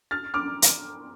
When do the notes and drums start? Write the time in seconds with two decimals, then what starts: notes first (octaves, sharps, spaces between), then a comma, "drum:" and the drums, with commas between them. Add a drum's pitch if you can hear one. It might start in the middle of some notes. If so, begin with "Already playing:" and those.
0.11 F6 A6
0.34 D6 F6
0.62 drum: hi-hat